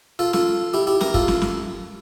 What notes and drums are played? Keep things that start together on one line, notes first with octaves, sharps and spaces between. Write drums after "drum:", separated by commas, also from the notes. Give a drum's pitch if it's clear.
F4 A4
F4 A4, drum: snare
E4 G4
E4 G4
G4 A#4, drum: snare
F4 A4, drum: kick
drum: snare
drum: snare